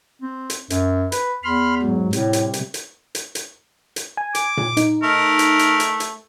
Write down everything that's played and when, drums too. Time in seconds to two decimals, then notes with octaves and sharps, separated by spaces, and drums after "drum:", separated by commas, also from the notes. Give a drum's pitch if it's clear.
0.22 C4
0.50 drum: hi-hat
0.70 F#2, drum: hi-hat
1.12 B4, drum: hi-hat
1.43 E2 B5 C6 F6
1.82 G#2 F#3
2.13 A2 C3 G3, drum: hi-hat
2.33 drum: hi-hat
2.54 drum: hi-hat
2.74 drum: hi-hat
3.15 drum: hi-hat
3.35 drum: hi-hat
3.96 drum: hi-hat
4.17 G#5
4.35 D6, drum: hi-hat
4.57 drum: tom A#2
4.77 D#4, drum: hi-hat
5.03 A3 A#4
5.39 drum: hi-hat
5.59 drum: hi-hat
5.80 drum: hi-hat
6.00 drum: hi-hat